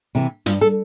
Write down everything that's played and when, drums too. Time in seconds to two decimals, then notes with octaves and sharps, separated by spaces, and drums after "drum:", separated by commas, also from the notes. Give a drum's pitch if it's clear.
0.15 C3 E3
0.46 G2 F4, drum: hi-hat
0.61 A4